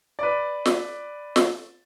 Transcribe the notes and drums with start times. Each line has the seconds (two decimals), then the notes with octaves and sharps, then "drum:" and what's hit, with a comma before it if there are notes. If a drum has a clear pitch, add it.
0.19 B4 D5
0.66 drum: snare
1.36 drum: snare